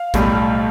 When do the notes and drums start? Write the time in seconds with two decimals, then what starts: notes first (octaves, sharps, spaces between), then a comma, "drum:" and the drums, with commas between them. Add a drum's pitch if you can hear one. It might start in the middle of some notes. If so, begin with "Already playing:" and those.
Already playing: F5
0.14 B1 A2 G3, drum: kick, hi-hat